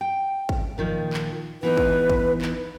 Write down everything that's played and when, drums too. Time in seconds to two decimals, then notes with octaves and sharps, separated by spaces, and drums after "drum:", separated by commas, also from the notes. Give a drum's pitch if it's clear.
0.01 G5
0.49 drum: kick
0.78 A#2 D#3 F3
1.13 drum: clap
1.63 E3 B3 D#4 B4
1.77 drum: kick
2.10 drum: kick
2.42 drum: clap